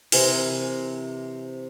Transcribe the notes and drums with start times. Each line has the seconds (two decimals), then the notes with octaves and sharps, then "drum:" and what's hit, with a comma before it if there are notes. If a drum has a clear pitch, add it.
0.12 C3 E3 A#4 G#5, drum: open hi-hat